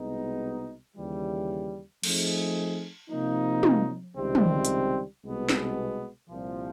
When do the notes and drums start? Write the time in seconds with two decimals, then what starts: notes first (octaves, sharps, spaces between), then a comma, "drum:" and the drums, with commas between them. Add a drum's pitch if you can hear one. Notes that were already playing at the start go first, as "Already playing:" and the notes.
Already playing: C2 B2 G#3 B3 D#4
0.97 D#2 C#3 E3 G3
2.03 F3 A3 C4 D#4 G#4, drum: cymbal
3.10 C3 F3 A#3 D#4
3.63 drum: tom
4.17 C#2 C3 D#3 G3 C4
4.35 drum: tom
4.65 drum: hi-hat
5.24 C2 B2 G#3 B3
5.49 drum: snare
6.30 C2 A#2 F3